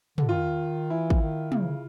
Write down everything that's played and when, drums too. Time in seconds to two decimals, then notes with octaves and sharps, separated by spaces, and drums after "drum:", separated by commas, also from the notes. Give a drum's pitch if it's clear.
0.18 D3, drum: tom
0.29 D#3 F4
0.90 E3 E4
1.10 drum: kick
1.21 D#3
1.52 C#3, drum: tom